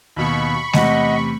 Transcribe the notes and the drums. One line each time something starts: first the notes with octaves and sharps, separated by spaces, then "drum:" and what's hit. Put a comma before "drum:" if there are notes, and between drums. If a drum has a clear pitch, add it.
D#2 B2 B5 C#6
E2 C3 A3 D#5 F#5, drum: snare G#3